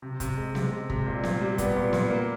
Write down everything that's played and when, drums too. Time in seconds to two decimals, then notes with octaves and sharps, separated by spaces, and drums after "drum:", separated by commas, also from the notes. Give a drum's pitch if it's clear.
0.02 C3
0.20 C3, drum: kick, hi-hat
0.37 G#3
0.55 C3, drum: snare B3
0.71 G#3
0.90 C3, drum: kick
1.06 A#2
1.23 A#2, drum: snare B3
1.41 G3
1.58 B3, drum: kick, hi-hat
1.76 A#2
1.93 A#2, drum: snare B3
2.10 A#3